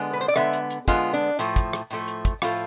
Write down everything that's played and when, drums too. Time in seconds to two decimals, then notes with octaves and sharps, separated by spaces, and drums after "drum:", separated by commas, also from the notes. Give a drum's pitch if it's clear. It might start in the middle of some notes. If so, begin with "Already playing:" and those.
Already playing: D3 G#3 B3
0.13 B4
0.21 C5
0.28 D5
0.36 D3 G#3 B3 E5, drum: rim click
0.53 drum: hi-hat
0.70 drum: hi-hat
0.88 D3 G#3 B3 F4, drum: kick, hi-hat
1.13 D4
1.39 A2 F3 A3, drum: hi-hat
1.56 drum: kick, hi-hat
1.73 drum: rim click
1.90 A2 F3 A3, drum: hi-hat
2.08 drum: hi-hat
2.25 drum: kick, hi-hat
2.42 A2 F3 A3 F4, drum: rim click